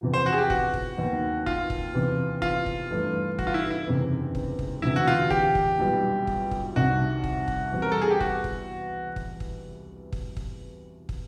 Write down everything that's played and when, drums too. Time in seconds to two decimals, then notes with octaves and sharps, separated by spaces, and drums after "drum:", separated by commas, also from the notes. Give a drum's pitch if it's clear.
0.01 E2 C3 F3
0.14 C5
0.26 F#4
0.33 G#4
0.38 G4
0.50 F#4, drum: kick
0.74 drum: kick
0.97 D#2 D#3 F#3 B3 D#4
1.46 F4, drum: kick
1.70 drum: kick
1.94 E2 C3 E3
2.42 F4, drum: kick
2.66 drum: kick
2.91 G2 E3 A3
3.39 F#4, drum: kick
3.47 F4
3.54 E4
3.70 E4
3.87 F#1 E2 C3 D#3
4.35 drum: kick
4.59 drum: kick
4.82 E1 D2 C3 E3 E4
4.96 F#4
5.08 F4
5.30 G4, drum: kick
5.55 drum: kick
5.79 B1 A#2 G3 B3
6.27 drum: kick
6.51 drum: kick
6.76 C2 C3 D#3 F#4
7.24 drum: kick
7.48 drum: kick
7.72 E2 B2 G3 C4
7.82 A#4
7.92 A4
8.01 G#4
8.11 G4
8.20 F#4, drum: kick
8.44 drum: kick
9.16 drum: kick
9.40 drum: kick
10.13 drum: kick
10.37 drum: kick
11.09 drum: kick